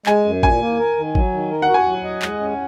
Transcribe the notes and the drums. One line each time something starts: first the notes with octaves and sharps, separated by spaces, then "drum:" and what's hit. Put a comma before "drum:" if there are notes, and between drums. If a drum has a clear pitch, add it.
G#3 G#5, drum: clap
F#2
A#2 G#5, drum: kick G#1
A#3
A#4
D#3
F#3, drum: kick G#1
D#3
A#4
F#5
F#4
G#5
F#3
D#5
G#3, drum: clap
C#4